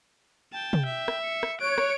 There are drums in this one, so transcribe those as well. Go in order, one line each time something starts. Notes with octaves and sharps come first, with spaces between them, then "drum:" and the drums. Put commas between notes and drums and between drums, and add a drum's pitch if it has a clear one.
G5 A5
drum: tom
E5
drum: rim click
C#7
drum: rim click
C#5 F#6 D7
drum: rim click